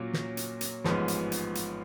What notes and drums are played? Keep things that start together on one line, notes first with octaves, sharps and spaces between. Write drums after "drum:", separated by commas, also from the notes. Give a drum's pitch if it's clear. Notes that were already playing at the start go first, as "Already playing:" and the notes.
Already playing: A#2 F#3 A#3 C#4 F4
drum: snare
drum: hi-hat
drum: hi-hat
A1 G#2 F3 G#3 B3, drum: snare
drum: hi-hat
drum: hi-hat
drum: hi-hat